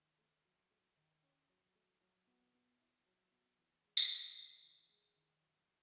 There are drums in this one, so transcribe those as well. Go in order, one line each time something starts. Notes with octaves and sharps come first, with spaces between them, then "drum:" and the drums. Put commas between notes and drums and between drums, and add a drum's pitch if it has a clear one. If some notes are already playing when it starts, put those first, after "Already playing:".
Already playing: D#3
A3
F#3
A3
D#3
C#4
F#3
A3
F#3
B3
B2
E4
F#3
B3
E3
G#3
drum: tambourine
C#3
C#3
E3
G#3
D#3
F#3